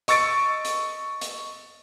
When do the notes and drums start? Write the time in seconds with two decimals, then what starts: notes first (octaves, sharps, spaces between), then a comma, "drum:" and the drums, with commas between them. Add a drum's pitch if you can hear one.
0.08 D#5 C#6 E6 A6 C#7 D7, drum: hi-hat
0.65 drum: hi-hat
1.21 drum: hi-hat